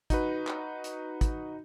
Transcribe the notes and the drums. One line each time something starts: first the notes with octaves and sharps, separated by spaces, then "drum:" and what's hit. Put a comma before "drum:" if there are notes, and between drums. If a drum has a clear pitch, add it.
D#4 F#4 B4, drum: kick, hi-hat
drum: clap
drum: hi-hat
drum: kick, hi-hat